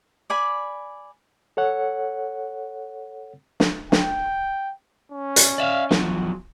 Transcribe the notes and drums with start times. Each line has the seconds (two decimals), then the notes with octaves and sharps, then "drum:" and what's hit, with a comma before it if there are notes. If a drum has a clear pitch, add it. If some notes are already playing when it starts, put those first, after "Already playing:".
0.30 D5 G#5 B5
1.57 A4 C#5 F#5
3.60 drum: snare
3.92 G5, drum: snare
5.12 C#4
5.36 drum: hi-hat
5.58 D5 E5 F5
5.91 E2 F3 F#3, drum: snare